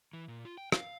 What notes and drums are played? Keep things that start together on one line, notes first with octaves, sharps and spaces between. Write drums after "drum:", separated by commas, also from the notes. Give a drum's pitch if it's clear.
E3
A#2
F4
G5
F5, drum: rim click